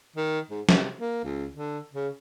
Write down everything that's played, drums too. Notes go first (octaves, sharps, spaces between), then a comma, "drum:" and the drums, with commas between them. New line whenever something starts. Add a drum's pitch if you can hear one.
D#3
G#2
C3, drum: snare
A#3
C#2
D3
C#3